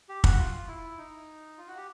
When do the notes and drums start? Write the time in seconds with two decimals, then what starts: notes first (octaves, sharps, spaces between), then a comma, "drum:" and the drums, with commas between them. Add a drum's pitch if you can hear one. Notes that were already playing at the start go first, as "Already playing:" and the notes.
0.09 G4
0.24 F#4, drum: kick
0.38 F4
0.68 E4
0.98 D#4
1.58 F4
1.67 F#4
1.77 G4